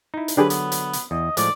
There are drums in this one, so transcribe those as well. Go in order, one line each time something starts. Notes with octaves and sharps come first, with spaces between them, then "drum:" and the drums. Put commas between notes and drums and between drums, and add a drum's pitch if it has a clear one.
D#4 E4
drum: hi-hat
D3 F#3 D4 G4 G#4 B4
B3, drum: hi-hat
drum: hi-hat
drum: hi-hat
E2 D#5
A2 F3 G#3 D5, drum: hi-hat